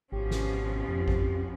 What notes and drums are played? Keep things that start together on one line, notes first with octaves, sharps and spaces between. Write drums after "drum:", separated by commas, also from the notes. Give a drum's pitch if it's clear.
G#1 B2 F3 C#4 G4
drum: snare
F2
drum: kick G#1